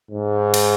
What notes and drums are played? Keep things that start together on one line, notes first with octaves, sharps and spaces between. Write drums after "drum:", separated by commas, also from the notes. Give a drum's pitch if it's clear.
G#2
drum: cymbal